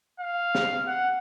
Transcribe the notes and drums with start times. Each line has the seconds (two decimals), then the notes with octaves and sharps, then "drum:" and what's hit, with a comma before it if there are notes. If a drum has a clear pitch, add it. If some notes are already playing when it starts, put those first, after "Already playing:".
0.20 F5
0.55 drum: snare
0.87 F#5